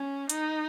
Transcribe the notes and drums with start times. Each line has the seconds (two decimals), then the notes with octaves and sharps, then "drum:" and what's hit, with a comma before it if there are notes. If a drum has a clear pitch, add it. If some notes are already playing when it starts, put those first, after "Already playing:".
Already playing: C#4
0.30 D#4, drum: hi-hat